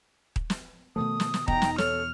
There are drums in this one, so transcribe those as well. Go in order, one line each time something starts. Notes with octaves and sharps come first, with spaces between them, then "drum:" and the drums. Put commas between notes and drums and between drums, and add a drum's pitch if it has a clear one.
drum: kick D#1
drum: snare
B2 D#3 F3 A3 D#6
drum: snare
drum: snare
E2 B2 B3 D#4 G5 A#5, drum: kick D#1
drum: snare
A4 C#5 F6, drum: snare